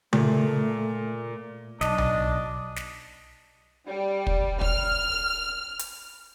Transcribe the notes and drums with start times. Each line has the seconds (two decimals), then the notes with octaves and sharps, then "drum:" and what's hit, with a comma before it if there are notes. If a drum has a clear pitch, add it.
0.13 A#2 A3, drum: tom C#3
1.81 B1 D4 D#5, drum: snare
1.98 drum: tom B1
2.76 drum: snare
3.87 G3
4.27 drum: kick
4.61 F6, drum: kick
5.79 drum: hi-hat